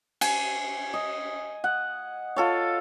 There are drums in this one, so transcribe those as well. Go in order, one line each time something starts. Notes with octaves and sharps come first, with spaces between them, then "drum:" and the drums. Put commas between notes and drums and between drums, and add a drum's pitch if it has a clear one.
G#5, drum: cymbal
D#5
F#5
F4 A4 C#5